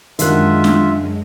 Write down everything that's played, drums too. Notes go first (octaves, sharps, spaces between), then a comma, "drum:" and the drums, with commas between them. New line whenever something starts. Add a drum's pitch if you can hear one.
F#2 D3 D#3 G3 G#3 F4 E5 F#6, drum: hi-hat
drum: snare